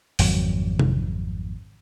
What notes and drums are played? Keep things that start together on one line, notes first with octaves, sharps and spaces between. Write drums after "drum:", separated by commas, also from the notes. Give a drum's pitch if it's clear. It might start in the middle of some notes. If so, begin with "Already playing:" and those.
G#1 F2 F#3, drum: open hi-hat
drum: tom C3